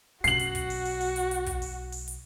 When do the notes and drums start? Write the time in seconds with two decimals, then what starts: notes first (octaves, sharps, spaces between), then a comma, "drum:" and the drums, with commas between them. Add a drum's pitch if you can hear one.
0.24 B1 C#4 F#4 C7 F#7, drum: hi-hat
0.39 drum: hi-hat
0.55 drum: kick, hi-hat
0.70 drum: open hi-hat
0.85 drum: open hi-hat
1.01 drum: open hi-hat
1.16 drum: hi-hat
1.31 drum: hi-hat
1.46 drum: kick, hi-hat
1.62 drum: open hi-hat
1.92 drum: open hi-hat
2.08 drum: hi-hat